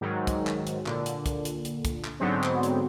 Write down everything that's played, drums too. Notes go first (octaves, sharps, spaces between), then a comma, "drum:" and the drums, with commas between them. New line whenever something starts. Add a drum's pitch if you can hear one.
G#2 D#3 F#3
drum: kick, hi-hat
drum: clap
drum: hi-hat
A#2 D3, drum: clap
drum: hi-hat
drum: kick, hi-hat
drum: hi-hat
drum: hi-hat
drum: kick, hi-hat
drum: clap
G#2 D3 F#3 B3 C4
drum: clap
drum: hi-hat